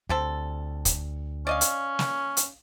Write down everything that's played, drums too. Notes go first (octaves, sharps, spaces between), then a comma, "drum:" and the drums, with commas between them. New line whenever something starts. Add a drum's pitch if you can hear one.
D2 G3 C4 A4
drum: kick, hi-hat
C#4 D5 D#5 F5
drum: hi-hat
drum: snare
drum: hi-hat